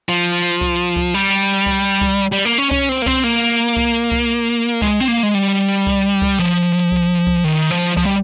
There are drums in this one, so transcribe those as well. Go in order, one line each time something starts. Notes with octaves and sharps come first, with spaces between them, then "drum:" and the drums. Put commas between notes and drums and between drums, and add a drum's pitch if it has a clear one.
F3
drum: kick C2
drum: kick C2
G3
drum: kick C2
drum: kick C2
G3
A#3
C#4
C#4, drum: kick C2
C4
A#3
C4, drum: kick C2
A#3
drum: kick C2
drum: kick C2
G#3, drum: kick C2
C4
A#3
G#3
G3
drum: kick C2
drum: kick C2
F3
drum: kick C2
drum: kick C2
D#3
F3
F3, drum: kick C2
G3